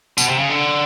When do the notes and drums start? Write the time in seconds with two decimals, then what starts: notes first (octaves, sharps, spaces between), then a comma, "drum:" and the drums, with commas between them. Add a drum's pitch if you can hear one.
0.18 B2, drum: tambourine
0.29 C3
0.39 C#3
0.49 D3